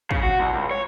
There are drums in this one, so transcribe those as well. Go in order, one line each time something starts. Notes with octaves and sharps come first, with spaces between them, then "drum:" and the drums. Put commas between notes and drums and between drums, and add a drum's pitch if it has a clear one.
C#3, drum: kick
F#4
C2
C#2
C#5